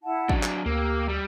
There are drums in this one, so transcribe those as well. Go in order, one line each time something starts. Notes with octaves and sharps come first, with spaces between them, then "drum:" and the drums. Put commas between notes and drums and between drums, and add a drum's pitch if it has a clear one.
E4 F#5 A5
F#3 D4, drum: kick
G#5, drum: clap
D2 A#3 G4 E6
G3